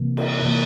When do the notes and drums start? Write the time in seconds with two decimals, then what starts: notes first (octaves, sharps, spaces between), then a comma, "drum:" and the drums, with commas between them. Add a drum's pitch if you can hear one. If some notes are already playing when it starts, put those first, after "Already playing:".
Already playing: C3 E3 A#3
0.17 drum: cymbal
0.42 C3 E3 A#3